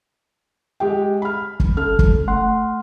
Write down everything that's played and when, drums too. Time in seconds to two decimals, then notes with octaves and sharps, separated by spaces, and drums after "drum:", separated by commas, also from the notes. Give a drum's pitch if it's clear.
0.80 G#3 G4 G5
1.22 B5 F6
1.60 drum: kick
1.77 C#4 A4 F6
1.99 drum: kick
2.28 A3 F#5 C6